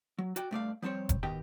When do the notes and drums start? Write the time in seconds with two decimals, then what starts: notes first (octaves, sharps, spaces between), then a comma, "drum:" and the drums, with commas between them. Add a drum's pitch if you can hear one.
0.18 F#3
0.36 F#4 D5 G5, drum: hi-hat
0.51 G2 A3 D5 F5
0.82 F3 G3 C4 C5 C#5
1.09 drum: kick F1, hi-hat
1.23 B2 D#3 G4 D#5 G5